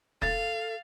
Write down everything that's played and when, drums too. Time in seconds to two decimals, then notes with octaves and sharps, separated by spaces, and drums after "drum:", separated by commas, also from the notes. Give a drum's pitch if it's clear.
0.22 A4 F5 A6, drum: kick